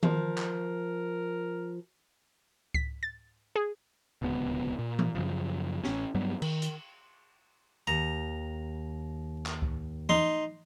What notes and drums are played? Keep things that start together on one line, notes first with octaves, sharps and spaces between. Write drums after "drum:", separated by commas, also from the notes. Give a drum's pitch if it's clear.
F3 A#4, drum: tom D#3
drum: clap
B6, drum: kick C#2
A6
G#4
D1 C#2 B2 B3
A#2
drum: tom E3
F#2 C#3 F3
A1 C#4, drum: snare
G2 F#3 G3 B3
D#3, drum: cymbal
drum: hi-hat
D#2 A#5
drum: clap
drum: kick C#2
D#4 C6, drum: tom E3